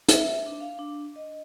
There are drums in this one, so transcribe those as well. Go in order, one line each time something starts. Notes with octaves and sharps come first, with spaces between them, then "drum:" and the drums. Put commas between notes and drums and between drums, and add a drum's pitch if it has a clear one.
E5, drum: hi-hat
D4
F5
D4
D#5